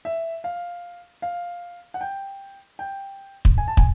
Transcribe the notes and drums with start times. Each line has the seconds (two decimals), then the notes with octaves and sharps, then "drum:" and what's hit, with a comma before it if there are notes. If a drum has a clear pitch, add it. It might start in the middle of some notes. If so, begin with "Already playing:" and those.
0.05 E5
0.44 F5
1.22 F5
1.94 F#5
2.01 G5
2.79 G5
3.45 drum: kick
3.58 G#5
3.68 A5
3.77 G#5, drum: kick